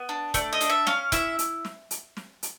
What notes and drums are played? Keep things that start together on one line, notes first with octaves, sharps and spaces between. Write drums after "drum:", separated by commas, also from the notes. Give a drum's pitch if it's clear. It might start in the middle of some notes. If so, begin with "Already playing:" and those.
Already playing: B3
D4
A3 D5, drum: kick, hi-hat
D#5
D4, drum: hi-hat
E5
C#4 F5, drum: snare
E4 E5, drum: kick, hi-hat
drum: hi-hat
drum: snare
drum: hi-hat
drum: snare
drum: hi-hat